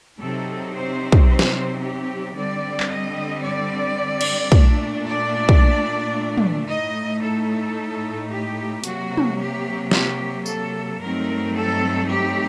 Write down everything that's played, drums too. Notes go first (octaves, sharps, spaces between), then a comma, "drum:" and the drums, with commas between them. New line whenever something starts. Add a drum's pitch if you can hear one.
C3 F#3 C4 D#4 A4
C5
drum: kick
C5
drum: snare
G4
D3 G3 C4 D5
drum: clap
D#5
D5
drum: cymbal
A#2 A3 D4, drum: kick
D5
drum: kick
drum: tom
A2 A3 D#4 D#5
A4
G4
C3 F#3 A#3 F#4, drum: hi-hat
drum: tom
G4
G4, drum: snare
A4, drum: tambourine
G2 F#3 A3 C4 D#4 A#4
A4
G4